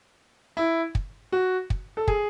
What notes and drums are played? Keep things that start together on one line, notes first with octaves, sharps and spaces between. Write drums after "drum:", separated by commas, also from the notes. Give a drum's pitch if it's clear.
E4
drum: kick
F#4
drum: kick
A4
G#4, drum: kick